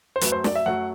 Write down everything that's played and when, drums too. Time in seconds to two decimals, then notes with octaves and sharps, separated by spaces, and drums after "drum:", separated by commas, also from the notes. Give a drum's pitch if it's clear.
0.16 C5
0.21 F#2 F#3 A3 B4, drum: hi-hat
0.32 C5
0.44 D5, drum: snare
0.55 E5
0.66 F#2 F#3 A3 F#5